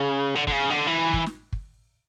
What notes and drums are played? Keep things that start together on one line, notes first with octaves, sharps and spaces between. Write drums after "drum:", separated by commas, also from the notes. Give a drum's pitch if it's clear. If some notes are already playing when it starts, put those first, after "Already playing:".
Already playing: C#3
D3
D3, drum: kick
C#3
D3
E3
drum: kick
drum: snare
drum: kick